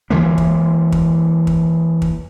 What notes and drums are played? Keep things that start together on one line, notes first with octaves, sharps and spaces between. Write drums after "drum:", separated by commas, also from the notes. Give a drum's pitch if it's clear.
E3 F3 G#3 A#3
drum: kick
drum: kick
drum: kick
drum: kick